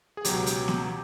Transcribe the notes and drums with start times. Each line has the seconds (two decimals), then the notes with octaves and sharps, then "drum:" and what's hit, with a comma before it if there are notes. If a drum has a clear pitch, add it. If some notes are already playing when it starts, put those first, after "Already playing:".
0.17 G#4
0.25 C#2 B2 F#3 G4, drum: hi-hat
0.46 drum: hi-hat
0.68 drum: snare